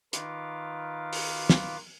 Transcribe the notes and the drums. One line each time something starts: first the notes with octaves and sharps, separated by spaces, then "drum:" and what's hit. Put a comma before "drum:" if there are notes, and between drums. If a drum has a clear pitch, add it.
D#3 D#4 F4 B4 F5 D6, drum: hi-hat
drum: open hi-hat
drum: snare